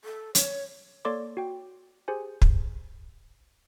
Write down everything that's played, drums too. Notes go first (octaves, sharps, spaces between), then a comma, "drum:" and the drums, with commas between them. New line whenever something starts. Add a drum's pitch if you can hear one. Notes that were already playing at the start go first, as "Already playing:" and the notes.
A4
C#5, drum: hi-hat
A#3 A4 C#5 D5 C6 D6
F#4 G5
G4 G#4 C5 G#5
drum: kick